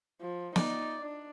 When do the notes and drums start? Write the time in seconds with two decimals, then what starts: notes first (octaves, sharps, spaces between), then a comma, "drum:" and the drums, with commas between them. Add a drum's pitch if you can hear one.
0.21 F3
0.56 D#4 D5, drum: snare
1.00 D4